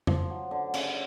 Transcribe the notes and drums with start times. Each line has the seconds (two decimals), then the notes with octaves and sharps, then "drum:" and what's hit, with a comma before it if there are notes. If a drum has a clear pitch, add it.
0.07 F3, drum: tom F2
0.30 F#3
0.51 D3
0.74 C#3, drum: cymbal